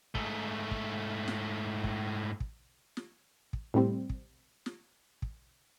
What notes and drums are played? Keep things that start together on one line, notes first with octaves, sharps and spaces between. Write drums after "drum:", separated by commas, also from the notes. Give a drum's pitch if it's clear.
G#2 A3, drum: kick
drum: kick
drum: snare
drum: kick
drum: kick
drum: snare
drum: kick
A2 C3 G3 C4
drum: kick
drum: snare
drum: kick